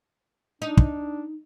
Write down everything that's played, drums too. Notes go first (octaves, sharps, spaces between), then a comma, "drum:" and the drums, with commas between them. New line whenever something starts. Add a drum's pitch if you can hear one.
D4 D#4
drum: kick